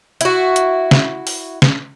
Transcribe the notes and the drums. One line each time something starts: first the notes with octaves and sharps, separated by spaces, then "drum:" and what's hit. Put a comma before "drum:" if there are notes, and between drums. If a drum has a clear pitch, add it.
E4 F#4, drum: hi-hat
drum: hi-hat
drum: snare
drum: open hi-hat
drum: snare